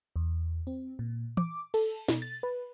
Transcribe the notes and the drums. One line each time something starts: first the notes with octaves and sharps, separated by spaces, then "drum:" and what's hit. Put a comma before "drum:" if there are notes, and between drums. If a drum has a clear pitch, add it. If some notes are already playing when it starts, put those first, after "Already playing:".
E2
C4
A#2
D6, drum: tom
A4, drum: cymbal
B2, drum: snare
A6
B4